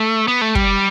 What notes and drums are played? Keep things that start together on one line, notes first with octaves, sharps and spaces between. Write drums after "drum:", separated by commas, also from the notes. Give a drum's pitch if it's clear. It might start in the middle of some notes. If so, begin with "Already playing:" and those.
Already playing: A3
B3
A3
G3, drum: kick